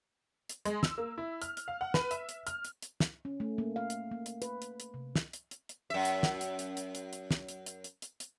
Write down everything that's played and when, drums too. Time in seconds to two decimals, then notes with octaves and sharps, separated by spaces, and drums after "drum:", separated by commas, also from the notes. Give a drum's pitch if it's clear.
0.49 drum: hi-hat
0.65 G#3, drum: hi-hat
0.83 E6, drum: snare
0.98 A#3
1.18 E4
1.42 F6, drum: hi-hat
1.57 drum: hi-hat
1.68 F5
1.81 F#5
1.94 B4, drum: snare
2.11 E5, drum: hi-hat
2.29 drum: hi-hat
2.47 F6, drum: hi-hat
2.65 drum: hi-hat
2.82 drum: hi-hat
3.00 drum: snare
3.25 C#4
3.40 A3
3.58 A#3
3.76 F5
3.90 drum: hi-hat
4.11 A#3
4.26 drum: hi-hat
4.42 B4, drum: hi-hat
4.62 drum: hi-hat
4.80 drum: hi-hat
4.94 C3
5.15 drum: snare
5.33 drum: hi-hat
5.51 drum: hi-hat
5.69 drum: hi-hat
5.90 F#2 E5
6.05 drum: hi-hat
6.23 drum: snare
6.41 drum: hi-hat
6.59 drum: hi-hat
6.77 drum: hi-hat
6.95 drum: hi-hat
7.13 drum: hi-hat
7.31 drum: snare
7.49 drum: hi-hat
7.66 drum: hi-hat
7.84 drum: hi-hat
8.02 drum: hi-hat
8.20 drum: hi-hat